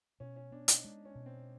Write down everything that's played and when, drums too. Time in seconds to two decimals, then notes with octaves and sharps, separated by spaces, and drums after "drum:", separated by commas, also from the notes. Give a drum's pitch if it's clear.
0.20 B2 C#4
0.36 C#4
0.52 B3 D4
0.68 D#4, drum: hi-hat
0.84 G#3 D4
1.05 C#4
1.15 B2
1.26 C4